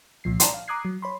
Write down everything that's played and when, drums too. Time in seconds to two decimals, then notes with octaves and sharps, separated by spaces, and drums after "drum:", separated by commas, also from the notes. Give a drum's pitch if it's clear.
0.24 C2 A#2 F3 C7
0.40 D5 A5 A#5 C6, drum: hi-hat
0.54 F5
0.68 A#5 D6 D#6 F#6 G#6 C7
0.85 F#3
1.02 C#5 B5 C6